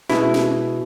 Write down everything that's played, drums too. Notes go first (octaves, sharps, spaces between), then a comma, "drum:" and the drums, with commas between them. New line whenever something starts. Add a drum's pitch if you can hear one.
B2 G#3 E4, drum: snare
drum: snare